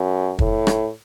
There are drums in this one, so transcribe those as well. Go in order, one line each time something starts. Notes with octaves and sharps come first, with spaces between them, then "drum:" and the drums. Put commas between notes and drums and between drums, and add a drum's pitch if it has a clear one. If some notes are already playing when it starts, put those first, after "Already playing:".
Already playing: F#2
A2, drum: kick
drum: rim click